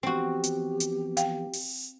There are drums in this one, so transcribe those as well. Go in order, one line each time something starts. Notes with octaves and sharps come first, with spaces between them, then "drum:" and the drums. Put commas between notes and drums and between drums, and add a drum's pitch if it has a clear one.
E3 F3 B3 C4 F#4 G4
drum: hi-hat
drum: hi-hat
F5 G5, drum: hi-hat
drum: open hi-hat